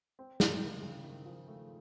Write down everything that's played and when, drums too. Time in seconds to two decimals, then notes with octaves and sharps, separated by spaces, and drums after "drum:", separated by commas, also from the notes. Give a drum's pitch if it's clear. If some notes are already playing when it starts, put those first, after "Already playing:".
0.19 C4
0.40 D#3, drum: snare
0.62 C#3
0.83 C#3
1.04 D#3
1.25 F3
1.48 A3